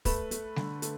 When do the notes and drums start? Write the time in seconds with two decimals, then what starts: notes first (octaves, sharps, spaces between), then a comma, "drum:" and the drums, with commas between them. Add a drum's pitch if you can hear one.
0.05 A3 B4, drum: kick, open hi-hat
0.31 A3, drum: hi-hat
0.56 D3, drum: snare G3
0.82 A3, drum: hi-hat